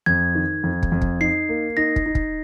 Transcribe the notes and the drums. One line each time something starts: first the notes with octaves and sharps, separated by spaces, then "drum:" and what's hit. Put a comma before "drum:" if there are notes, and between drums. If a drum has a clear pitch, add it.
F2 G#6
D#3
F2
drum: kick
F2
drum: kick
D#4 C7
A#3
D#4 A#6
drum: kick
D#4
drum: kick